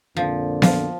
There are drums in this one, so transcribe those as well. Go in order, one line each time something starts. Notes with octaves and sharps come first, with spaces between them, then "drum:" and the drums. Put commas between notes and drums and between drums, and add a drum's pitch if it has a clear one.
F2 A#2 D3 F3
F3, drum: snare B3